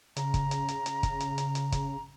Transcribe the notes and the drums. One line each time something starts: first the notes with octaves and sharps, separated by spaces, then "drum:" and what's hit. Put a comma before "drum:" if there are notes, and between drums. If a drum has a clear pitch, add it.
C#3 A#5, drum: hi-hat
drum: kick, hi-hat
drum: hi-hat
drum: hi-hat
drum: hi-hat
drum: kick, hi-hat
drum: hi-hat
drum: hi-hat
drum: hi-hat
drum: kick, hi-hat